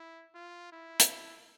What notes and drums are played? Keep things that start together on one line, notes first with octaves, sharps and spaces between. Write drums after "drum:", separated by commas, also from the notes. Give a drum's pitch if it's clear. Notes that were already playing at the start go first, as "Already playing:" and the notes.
Already playing: E4
F4
E4
drum: hi-hat